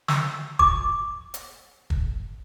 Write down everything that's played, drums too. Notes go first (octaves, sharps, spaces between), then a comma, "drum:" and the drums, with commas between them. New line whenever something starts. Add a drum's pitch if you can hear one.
E6, drum: snare
D6, drum: kick
drum: hi-hat
drum: kick